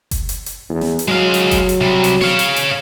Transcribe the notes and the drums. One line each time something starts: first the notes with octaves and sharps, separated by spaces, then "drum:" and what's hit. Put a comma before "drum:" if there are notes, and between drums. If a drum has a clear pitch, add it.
drum: kick F#1, hi-hat
drum: hi-hat
drum: hi-hat
E2
drum: snare
drum: hi-hat
F#3 G#3 F5
drum: hi-hat
drum: kick F#1, hi-hat
drum: hi-hat
C3 G3
drum: hi-hat
C#5 F5, drum: snare
drum: hi-hat
drum: hi-hat